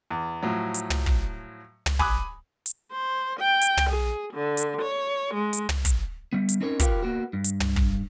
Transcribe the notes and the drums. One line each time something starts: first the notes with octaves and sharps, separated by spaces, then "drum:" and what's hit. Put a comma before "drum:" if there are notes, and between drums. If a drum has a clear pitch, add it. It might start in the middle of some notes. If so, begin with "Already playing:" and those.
E2
A2 F3 F#3
drum: hi-hat
drum: tom
drum: kick
drum: tom
G#5 B5 D6 D#6 F#6, drum: kick
drum: hi-hat
C5
G5
drum: hi-hat
drum: tom
G#4
D3
drum: hi-hat
C#5
G#3
drum: hi-hat
drum: tom
drum: kick, hi-hat
G3 B3
drum: hi-hat
C4 C#4 D#4 A#4 B4 C#5
E4 F4 G4 A#4 B4 F5, drum: kick, hi-hat
A#3 B3 F#4
G2
drum: hi-hat
drum: tom
drum: kick